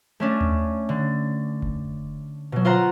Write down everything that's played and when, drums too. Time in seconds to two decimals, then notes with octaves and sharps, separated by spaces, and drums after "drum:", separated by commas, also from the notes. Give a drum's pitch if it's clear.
0.20 A3 C#4 D4
0.41 drum: tom D#2
0.89 D3
1.62 drum: kick F1
2.52 B2 F#3
2.65 F4 C5 F#5 A#5